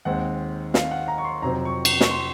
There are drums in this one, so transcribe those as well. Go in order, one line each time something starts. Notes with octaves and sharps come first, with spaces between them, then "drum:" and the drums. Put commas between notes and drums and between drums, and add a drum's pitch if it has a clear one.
D#2 D#3 G#3 C4 F#5
F5, drum: snare
F#5
A#5
C#6
C6
F2 C3 F#3 C4 A#5
C#6
drum: cymbal
C#6, drum: snare
C6